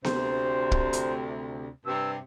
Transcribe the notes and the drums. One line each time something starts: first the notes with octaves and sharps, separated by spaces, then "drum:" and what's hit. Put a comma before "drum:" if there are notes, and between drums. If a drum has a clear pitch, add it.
D2 C3 C5, drum: snare B3
drum: kick
drum: hi-hat
G2 C3 E6